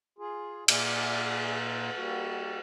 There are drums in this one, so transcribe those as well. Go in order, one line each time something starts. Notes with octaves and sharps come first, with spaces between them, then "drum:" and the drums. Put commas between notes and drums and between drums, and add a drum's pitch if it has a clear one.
F4 G#4
A#2 A#3 G#4 D5 E5, drum: cymbal
G3 A#3 F#4